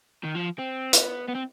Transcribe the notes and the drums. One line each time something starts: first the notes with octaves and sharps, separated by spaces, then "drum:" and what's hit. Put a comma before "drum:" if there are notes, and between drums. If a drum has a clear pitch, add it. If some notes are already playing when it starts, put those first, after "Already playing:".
D#3
F3
C4
B3, drum: hi-hat
B3
C4